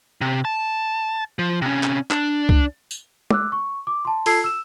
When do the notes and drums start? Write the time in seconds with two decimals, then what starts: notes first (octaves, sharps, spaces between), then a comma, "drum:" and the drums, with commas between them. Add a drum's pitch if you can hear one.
0.21 C3
0.45 A5
1.39 F3
1.62 C3 C#4
1.83 drum: clap
2.11 D4, drum: clap
2.49 drum: kick C2
2.91 drum: tambourine
3.31 D6 E6 F#6, drum: tom
3.52 C#6
3.87 D6
4.05 A5 C6
4.26 F4 A4 A5 E6 G#6 C7, drum: open hi-hat
4.44 E6 E7